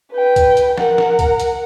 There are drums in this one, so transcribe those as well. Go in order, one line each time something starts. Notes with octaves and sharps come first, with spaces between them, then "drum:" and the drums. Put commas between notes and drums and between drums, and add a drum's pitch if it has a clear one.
B4 G5
drum: kick C#2, hi-hat
drum: hi-hat
A#4 F#5, drum: snare
drum: snare
drum: kick C#2, hi-hat
drum: hi-hat